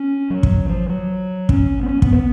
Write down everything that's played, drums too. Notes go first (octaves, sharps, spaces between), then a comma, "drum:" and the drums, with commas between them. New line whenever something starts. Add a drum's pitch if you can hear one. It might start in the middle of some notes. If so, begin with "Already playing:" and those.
Already playing: C#4
F#3
drum: kick
F3
F#3
C#4, drum: kick
B3
C#4
B3, drum: kick
B3